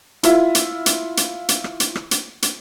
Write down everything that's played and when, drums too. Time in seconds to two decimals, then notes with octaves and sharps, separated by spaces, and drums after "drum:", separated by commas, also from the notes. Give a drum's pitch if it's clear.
0.23 E4 F4 E5, drum: hi-hat
0.55 drum: hi-hat
0.86 drum: hi-hat
1.17 drum: hi-hat
1.49 drum: hi-hat
1.64 drum: rim click
1.80 drum: hi-hat
1.95 drum: rim click
2.11 drum: hi-hat
2.42 drum: hi-hat